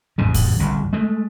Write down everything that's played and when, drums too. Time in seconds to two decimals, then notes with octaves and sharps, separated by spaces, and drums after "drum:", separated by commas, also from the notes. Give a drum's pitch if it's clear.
0.18 A1 F2 G#2 C3
0.34 drum: kick, open hi-hat
0.59 G1 C2
0.93 G#3 A3